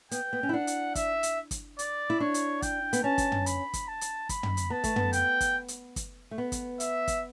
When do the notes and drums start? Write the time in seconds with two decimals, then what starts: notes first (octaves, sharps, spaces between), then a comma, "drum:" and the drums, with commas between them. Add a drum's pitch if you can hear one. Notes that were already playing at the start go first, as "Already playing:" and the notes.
0.11 B3 G5, drum: hi-hat
0.33 B3
0.43 C#4
0.49 E4
0.53 D4 F#5
0.67 drum: hi-hat
0.95 E5, drum: kick, hi-hat
1.23 drum: hi-hat
1.51 drum: kick, hi-hat
1.79 D5, drum: hi-hat
2.10 E4
2.20 D4 C#5
2.34 drum: hi-hat
2.62 G5, drum: kick, hi-hat
2.93 B3, drum: hi-hat
3.04 C#4 A5
3.18 drum: kick, hi-hat
3.32 drum: tom
3.46 B5, drum: hi-hat
3.73 drum: kick, hi-hat
3.88 A5
4.01 drum: hi-hat
4.29 B5, drum: kick, hi-hat
4.43 drum: tom
4.57 drum: hi-hat
4.70 B3 A5
4.84 A3, drum: kick, hi-hat
4.96 B3, drum: tom
5.13 G5, drum: hi-hat
5.41 drum: kick, hi-hat
5.68 drum: hi-hat
5.96 drum: kick, hi-hat
6.31 A3
6.38 B3
6.52 drum: kick, hi-hat
6.80 E5, drum: hi-hat
7.08 drum: kick, hi-hat